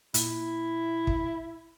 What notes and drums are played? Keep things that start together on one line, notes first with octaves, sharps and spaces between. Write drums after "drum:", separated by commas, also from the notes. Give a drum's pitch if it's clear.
A#2 E4, drum: hi-hat
drum: kick